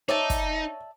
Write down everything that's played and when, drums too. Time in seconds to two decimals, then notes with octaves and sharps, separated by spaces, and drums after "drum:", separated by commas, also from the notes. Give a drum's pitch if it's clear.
0.09 D#4 C#5 D5 E5 A5
0.30 drum: kick, hi-hat